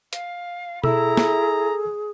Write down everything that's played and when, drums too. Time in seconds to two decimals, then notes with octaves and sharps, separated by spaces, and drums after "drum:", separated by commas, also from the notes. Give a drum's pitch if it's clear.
0.13 F5, drum: hi-hat
0.84 E4 G#4 A4 A#5 E6, drum: tom B2
1.17 drum: snare